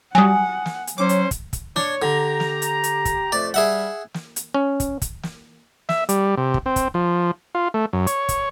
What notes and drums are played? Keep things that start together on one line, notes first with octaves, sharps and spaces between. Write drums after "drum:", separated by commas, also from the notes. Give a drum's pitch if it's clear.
F#3 G3 F#5 G#5 D#6
drum: snare
drum: hi-hat
F#3 C#4 C5 D6
drum: hi-hat
drum: kick, hi-hat
drum: kick, hi-hat
D4 C#5, drum: snare
D3 G4 A#5
drum: snare
drum: hi-hat
drum: hi-hat
drum: kick, hi-hat
F2 A3 D5
G3 G#4 E5 F#5
drum: snare
drum: hi-hat
C#4
drum: kick, hi-hat
drum: kick, hi-hat
drum: snare
E5, drum: snare
G3, drum: hi-hat
C3
drum: kick
C4
drum: kick, hi-hat
F3
F4
A3
F#2
C#5, drum: hi-hat
drum: kick, hi-hat